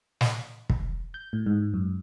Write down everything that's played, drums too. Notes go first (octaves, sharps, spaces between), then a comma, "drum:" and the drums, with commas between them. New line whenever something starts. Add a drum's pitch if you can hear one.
drum: snare
drum: kick
G6
A2
G#2
F#2